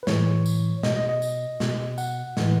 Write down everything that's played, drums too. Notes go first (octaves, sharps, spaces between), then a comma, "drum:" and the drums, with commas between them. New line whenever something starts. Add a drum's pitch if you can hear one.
B4
A2 E3 C#5, drum: snare
drum: tambourine
B2 D#5, drum: snare
D#5
D#5
drum: tambourine
B2, drum: snare
F#5, drum: tambourine
A2 E3, drum: snare